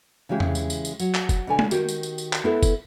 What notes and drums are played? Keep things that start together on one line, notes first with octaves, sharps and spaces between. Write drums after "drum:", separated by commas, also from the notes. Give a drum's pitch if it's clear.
C#3 E3 G#3 G4
drum: tom E2
drum: tambourine
drum: tambourine
drum: tambourine
F#3, drum: tambourine
drum: clap
drum: kick F#1, tambourine
B2 D3 G#5
drum: tom G#3
D#3 F#4 G4, drum: tambourine
drum: tambourine
drum: tambourine
drum: tambourine
drum: clap
B3 E4 A4
drum: kick F#1, tambourine